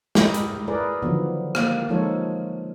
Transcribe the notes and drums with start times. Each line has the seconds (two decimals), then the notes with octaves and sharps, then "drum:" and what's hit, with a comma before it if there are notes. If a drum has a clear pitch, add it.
0.15 E4 G4 G#4 A#4, drum: snare
0.34 drum: hi-hat
0.68 E4 G#4 A#4 B4 D5
1.02 D3 D#3 F3 F#3 B3
1.55 A#3, drum: rim click
1.89 F3 G#3 D#4 F4 A4 C#5